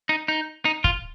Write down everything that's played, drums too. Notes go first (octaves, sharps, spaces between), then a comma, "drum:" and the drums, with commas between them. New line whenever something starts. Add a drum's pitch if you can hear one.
D#4
D#4
D#4
F4, drum: kick